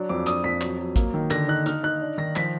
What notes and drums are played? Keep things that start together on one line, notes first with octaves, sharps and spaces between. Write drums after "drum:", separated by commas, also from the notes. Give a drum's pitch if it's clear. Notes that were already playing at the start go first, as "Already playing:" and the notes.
Already playing: F#3 D4
F2 D6
D4 D#6, drum: hi-hat
F2 B6
F#3, drum: clap
F#3
A#3, drum: kick A1, hi-hat
D#3
D3 A#6, drum: clap
D#4 F#6
D#4 F6, drum: hi-hat
D#4 F#6
D4
D#3 A#6
F3 B6, drum: clap